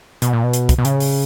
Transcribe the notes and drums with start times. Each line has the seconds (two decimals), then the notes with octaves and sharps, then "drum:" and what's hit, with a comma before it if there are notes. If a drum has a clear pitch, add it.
0.22 B2, drum: hi-hat
0.33 A#2
0.43 B2
0.53 drum: hi-hat
0.69 drum: kick, hi-hat
0.78 B2
0.85 C#3, drum: hi-hat
1.00 drum: open hi-hat